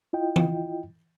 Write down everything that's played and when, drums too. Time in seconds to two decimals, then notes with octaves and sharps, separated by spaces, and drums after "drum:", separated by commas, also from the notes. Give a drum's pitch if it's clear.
0.13 E4 F4 D#5 G5
0.36 drum: tom E3